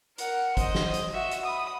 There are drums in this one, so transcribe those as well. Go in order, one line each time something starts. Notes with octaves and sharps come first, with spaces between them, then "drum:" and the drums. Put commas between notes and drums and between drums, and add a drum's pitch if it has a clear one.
A#4 F#5, drum: hi-hat
C5 D#5, drum: kick G1, hi-hat
drum: snare
drum: hi-hat
F#4 E5
drum: hi-hat
B5 D#6